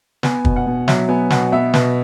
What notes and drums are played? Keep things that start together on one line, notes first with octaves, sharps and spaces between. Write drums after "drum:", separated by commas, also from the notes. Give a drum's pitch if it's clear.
B3 G#5, drum: snare
B2, drum: kick
F#5
B2
F#3 E5, drum: snare
B3 G#5
B2 F#5, drum: snare
B3 E5
B2, drum: snare